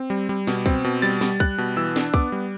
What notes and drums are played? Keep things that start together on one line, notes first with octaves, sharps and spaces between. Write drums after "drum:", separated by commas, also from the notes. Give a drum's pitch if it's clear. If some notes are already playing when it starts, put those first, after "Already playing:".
Already playing: C4
G3
G3
B2, drum: snare
C4, drum: kick
B2
G3 A6
G3, drum: snare
G3 F#6, drum: kick
B2
E3 E6
D4, drum: snare
B3 D6, drum: kick
G3